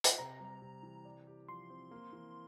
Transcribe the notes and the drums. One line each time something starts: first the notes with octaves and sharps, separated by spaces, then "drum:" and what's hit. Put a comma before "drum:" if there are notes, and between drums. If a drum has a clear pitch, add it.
drum: hi-hat
C3 A#5
G3
C3
E3
D5
G4
F3 C6
C4
A#3
E3